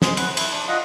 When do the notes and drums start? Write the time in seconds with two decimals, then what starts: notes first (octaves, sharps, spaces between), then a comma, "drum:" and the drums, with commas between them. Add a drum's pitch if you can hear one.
0.02 G#3 G#4, drum: snare
0.17 B4 F#5, drum: cymbal
0.37 E4, drum: cymbal
0.51 D4
0.68 F4 D#5 F#5